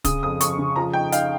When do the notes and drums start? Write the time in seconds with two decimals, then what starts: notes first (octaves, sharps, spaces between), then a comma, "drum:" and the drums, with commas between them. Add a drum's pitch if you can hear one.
0.04 C#3 D#6, drum: kick, hi-hat
0.23 F2 D#6
0.41 F2 C#6, drum: hi-hat
0.59 C#3
0.76 F3 A#5
0.93 D#4 G5
1.12 D#4 F5, drum: hi-hat